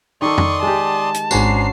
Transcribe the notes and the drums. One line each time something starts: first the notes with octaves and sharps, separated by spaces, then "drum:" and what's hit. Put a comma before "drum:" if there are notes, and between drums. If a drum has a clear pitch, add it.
D#3 A4 D5 C6 C#6 D#6
drum: tom
G#3 G4 A5
drum: hi-hat
G#1 C#4 D4 F#4 C5 A#5 C7, drum: tambourine